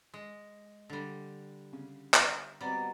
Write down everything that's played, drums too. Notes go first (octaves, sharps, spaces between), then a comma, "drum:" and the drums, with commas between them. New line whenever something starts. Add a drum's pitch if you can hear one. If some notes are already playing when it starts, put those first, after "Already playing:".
G#3
D3 G3
C#3
drum: clap
B2 G3 C4 D5 F#5 A#5